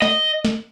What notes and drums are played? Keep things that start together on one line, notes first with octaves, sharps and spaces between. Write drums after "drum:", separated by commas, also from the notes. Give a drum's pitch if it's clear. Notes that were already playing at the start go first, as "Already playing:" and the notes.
D#5, drum: snare
drum: snare